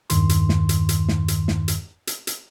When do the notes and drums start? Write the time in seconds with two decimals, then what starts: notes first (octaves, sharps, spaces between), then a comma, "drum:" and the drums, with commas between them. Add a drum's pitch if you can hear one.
0.10 E2 G2 D#3 C6, drum: hi-hat
0.29 drum: hi-hat
0.49 drum: snare
0.69 drum: hi-hat
0.89 drum: hi-hat
1.08 drum: snare
1.28 drum: hi-hat
1.48 drum: snare
1.68 drum: hi-hat
2.07 drum: hi-hat
2.27 drum: hi-hat